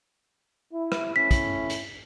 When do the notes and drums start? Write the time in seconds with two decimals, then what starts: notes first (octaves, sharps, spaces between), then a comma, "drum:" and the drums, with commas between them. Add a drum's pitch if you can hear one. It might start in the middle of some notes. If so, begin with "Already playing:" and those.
0.72 E4
0.92 drum: rim click
1.16 A3 C#4 E4 B6
1.31 drum: kick, hi-hat
1.70 drum: hi-hat